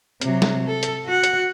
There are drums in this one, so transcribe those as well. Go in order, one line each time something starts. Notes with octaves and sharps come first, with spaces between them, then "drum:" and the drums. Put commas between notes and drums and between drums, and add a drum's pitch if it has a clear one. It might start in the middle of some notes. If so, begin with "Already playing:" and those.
C3 F#3, drum: hi-hat
drum: snare
A4
drum: hi-hat
F#4 F#5
drum: hi-hat